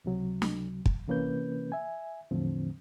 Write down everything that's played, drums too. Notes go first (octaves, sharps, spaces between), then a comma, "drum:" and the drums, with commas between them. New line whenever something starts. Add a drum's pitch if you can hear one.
C#2 C3 F#3
drum: snare
drum: kick
C3 E3 A#3 C#4 B4 G6
E5 G#5
E2 A2 D3 F3 C4